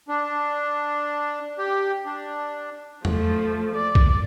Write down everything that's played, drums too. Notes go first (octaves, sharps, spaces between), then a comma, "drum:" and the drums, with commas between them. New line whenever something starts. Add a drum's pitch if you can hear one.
D4
G4
D4
F3 A3, drum: tom E2
D5
drum: kick